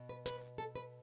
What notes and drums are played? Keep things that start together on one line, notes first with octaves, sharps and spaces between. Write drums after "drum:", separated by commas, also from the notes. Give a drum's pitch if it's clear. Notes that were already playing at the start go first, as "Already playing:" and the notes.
Already playing: B2
B4
B4, drum: hi-hat
A4
B4